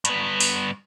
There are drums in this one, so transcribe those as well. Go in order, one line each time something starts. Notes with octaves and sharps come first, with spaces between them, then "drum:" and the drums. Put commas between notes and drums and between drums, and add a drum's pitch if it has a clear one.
G2 B3, drum: hi-hat
drum: open hi-hat